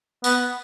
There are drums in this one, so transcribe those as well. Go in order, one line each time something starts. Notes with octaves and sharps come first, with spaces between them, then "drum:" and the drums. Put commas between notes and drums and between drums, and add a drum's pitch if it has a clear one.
B3, drum: tambourine